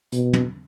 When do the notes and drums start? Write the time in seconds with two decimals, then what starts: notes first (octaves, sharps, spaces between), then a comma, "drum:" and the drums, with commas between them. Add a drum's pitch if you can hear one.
0.12 B2, drum: hi-hat
0.33 drum: tom